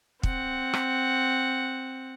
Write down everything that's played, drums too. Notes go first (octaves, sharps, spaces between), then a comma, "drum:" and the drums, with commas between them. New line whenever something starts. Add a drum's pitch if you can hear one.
C4 F#5, drum: kick
drum: rim click